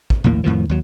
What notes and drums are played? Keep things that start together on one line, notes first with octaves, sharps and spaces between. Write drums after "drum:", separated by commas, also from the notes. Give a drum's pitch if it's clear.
drum: kick
A#1 D#2 A2 A#3
F2 A2 D#3 F3
D#2 F#3